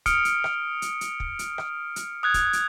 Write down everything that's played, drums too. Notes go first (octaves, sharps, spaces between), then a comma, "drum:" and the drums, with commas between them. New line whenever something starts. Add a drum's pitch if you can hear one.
D#6 F6 C#7 D7, drum: kick, hi-hat
drum: hi-hat
drum: rim click
drum: hi-hat
drum: hi-hat
drum: kick
drum: hi-hat
drum: rim click
drum: hi-hat
D#6 F#6 G#6
drum: kick, hi-hat
drum: hi-hat